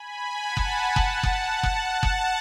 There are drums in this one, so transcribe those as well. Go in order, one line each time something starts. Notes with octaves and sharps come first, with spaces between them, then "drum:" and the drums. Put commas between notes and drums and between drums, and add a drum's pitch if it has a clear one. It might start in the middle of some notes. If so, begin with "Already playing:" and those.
Already playing: G#5 B5
F#5 A5
drum: kick F#1
F#5 A5, drum: kick F#1
drum: kick F#1
drum: kick F#1
F#5 A5, drum: kick F#1